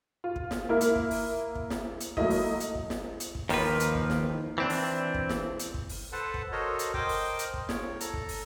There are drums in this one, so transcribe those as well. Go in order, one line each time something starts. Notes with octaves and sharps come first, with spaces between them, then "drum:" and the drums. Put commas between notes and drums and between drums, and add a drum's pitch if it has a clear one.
F4
drum: kick
drum: snare
A#3 E4 A#4
drum: hi-hat
drum: kick
drum: open hi-hat
drum: kick
drum: snare
drum: hi-hat
F#3 A3 A#3 E4 D#5, drum: kick
drum: open hi-hat
drum: hi-hat
drum: kick
drum: snare
drum: hi-hat
drum: kick
D#2 D#3 F3 A#3 B4, drum: open hi-hat
drum: hi-hat
drum: kick
drum: snare
E3 C4 D4
drum: open hi-hat
drum: kick
drum: snare
drum: hi-hat
drum: kick
drum: open hi-hat
A4 B4 C5 F#5 A5
drum: kick
F#4 A4 A#4 C5 C#5 D#5
drum: hi-hat
A#4 C5 D#5 G5 D6, drum: kick
drum: open hi-hat
drum: hi-hat
drum: kick
C#5, drum: snare
A4 A#5, drum: hi-hat
drum: kick
drum: open hi-hat